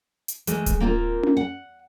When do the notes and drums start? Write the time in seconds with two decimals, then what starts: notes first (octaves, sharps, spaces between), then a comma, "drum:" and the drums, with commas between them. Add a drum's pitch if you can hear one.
0.28 drum: hi-hat
0.47 E3 G#3 A3, drum: hi-hat
0.66 drum: kick D1, hi-hat
0.80 A#3 C4 F4 A#4
1.23 drum: tom C#4
1.37 F#5